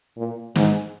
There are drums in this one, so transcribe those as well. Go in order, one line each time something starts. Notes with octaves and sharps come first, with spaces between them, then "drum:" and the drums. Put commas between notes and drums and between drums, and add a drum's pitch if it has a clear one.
A#2
G#2, drum: snare